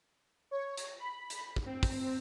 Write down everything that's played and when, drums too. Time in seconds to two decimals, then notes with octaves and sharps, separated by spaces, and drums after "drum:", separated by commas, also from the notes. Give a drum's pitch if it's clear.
0.51 C#5
0.77 drum: hi-hat
0.99 B5
1.30 drum: hi-hat
1.56 drum: kick
1.66 C4
1.83 drum: kick, open hi-hat